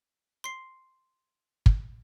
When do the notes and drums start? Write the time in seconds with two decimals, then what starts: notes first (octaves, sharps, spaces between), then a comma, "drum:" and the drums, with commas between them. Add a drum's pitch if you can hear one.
0.44 C6 C7
1.66 drum: kick